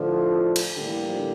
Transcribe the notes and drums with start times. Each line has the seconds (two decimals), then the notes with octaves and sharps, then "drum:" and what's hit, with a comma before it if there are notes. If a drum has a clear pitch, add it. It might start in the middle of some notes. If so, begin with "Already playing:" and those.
Already playing: A2 D3 F3 A3 D4 F4
0.56 drum: cymbal
0.76 A2 D3 G3 A#3 D4 G4
0.87 E3
1.08 F3
1.19 D3